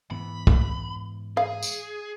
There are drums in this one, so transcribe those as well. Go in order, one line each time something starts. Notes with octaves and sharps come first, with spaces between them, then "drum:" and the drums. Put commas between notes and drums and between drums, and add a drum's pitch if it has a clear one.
G#2 E3 B3 B5
drum: kick
G#4 F5
drum: tambourine